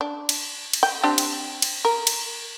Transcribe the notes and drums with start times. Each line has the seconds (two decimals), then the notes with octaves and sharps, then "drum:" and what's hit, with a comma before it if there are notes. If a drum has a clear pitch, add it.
0.01 D4
0.29 drum: cymbal
0.73 drum: cymbal
0.83 G5
1.03 C4 D4 G4
1.18 drum: cymbal
1.62 drum: cymbal
1.85 A#4
2.07 drum: cymbal